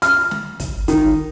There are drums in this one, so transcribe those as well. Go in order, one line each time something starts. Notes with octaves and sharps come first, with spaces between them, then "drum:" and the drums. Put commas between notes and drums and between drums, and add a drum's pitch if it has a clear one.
F6, drum: hi-hat
drum: snare
drum: kick, hi-hat
D#3, drum: kick, hi-hat